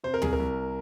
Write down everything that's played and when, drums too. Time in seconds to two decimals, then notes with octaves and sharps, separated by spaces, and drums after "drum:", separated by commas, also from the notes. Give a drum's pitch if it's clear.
0.04 C3 C5
0.14 A#4
0.22 C2 G#4, drum: tom D2
0.33 A#4
0.40 C2